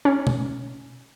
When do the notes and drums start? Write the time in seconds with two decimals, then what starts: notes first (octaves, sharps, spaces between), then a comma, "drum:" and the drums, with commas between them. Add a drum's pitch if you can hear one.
0.05 C#4
0.27 drum: tom B2